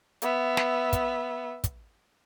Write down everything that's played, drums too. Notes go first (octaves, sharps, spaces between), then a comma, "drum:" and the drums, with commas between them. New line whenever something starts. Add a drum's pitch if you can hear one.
B3 E5, drum: hi-hat
drum: snare
drum: kick, hi-hat
drum: kick, hi-hat